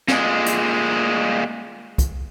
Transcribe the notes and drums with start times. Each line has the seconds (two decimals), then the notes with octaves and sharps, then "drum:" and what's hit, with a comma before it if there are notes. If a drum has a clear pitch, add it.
0.08 A#2 G#3, drum: snare
0.46 drum: hi-hat
1.98 drum: kick, hi-hat